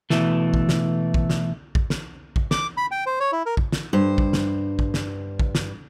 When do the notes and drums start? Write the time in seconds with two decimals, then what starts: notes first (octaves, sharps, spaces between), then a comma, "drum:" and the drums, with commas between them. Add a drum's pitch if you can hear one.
0.10 B2 E3 A3, drum: snare
0.54 drum: kick A1
0.69 drum: snare
1.14 drum: kick A1
1.30 drum: snare
1.75 drum: kick A1
1.90 drum: snare
2.36 drum: kick A1
2.51 D6, drum: snare
2.77 B5
2.91 G5
3.06 C5
3.20 C#5
3.32 E4
3.46 A#4
3.57 drum: kick A1
3.72 drum: snare
3.93 G2 C5
4.18 drum: kick A1
4.33 drum: snare
4.79 drum: kick A1
4.94 drum: snare
5.39 drum: kick A1
5.55 drum: snare